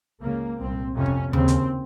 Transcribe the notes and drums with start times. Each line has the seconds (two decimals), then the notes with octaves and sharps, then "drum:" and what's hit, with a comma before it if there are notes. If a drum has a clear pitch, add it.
0.21 C#2 C#3 A#3
0.59 C2 A#2 C4
0.95 F2 C3 C#4
1.06 drum: kick G1
1.33 D#2 C#3 C4, drum: tom D#2
1.48 drum: hi-hat